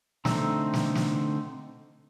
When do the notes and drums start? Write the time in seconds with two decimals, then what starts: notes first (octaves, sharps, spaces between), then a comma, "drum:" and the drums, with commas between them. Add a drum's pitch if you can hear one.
0.25 D3 A3 C4 D#4 E6, drum: snare
0.74 drum: snare
0.95 drum: snare